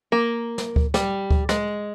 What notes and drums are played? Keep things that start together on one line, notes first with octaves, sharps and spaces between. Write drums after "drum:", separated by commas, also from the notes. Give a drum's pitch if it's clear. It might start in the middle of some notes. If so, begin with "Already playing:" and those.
A#3
drum: snare
drum: kick D2
G3, drum: snare
drum: kick D2
G#3, drum: snare